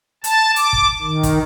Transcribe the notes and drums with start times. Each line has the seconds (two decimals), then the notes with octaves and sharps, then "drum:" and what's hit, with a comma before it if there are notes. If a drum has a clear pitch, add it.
0.24 A5, drum: hi-hat
0.56 D6, drum: hi-hat
0.73 drum: kick
1.02 D#3
1.23 drum: kick, hi-hat